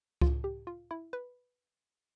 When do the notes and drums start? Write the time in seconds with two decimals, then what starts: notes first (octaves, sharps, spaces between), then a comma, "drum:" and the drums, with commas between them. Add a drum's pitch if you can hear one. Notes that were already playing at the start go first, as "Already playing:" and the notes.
0.21 F4, drum: kick C#2
0.44 G4
0.67 F4
0.91 E4
1.13 B4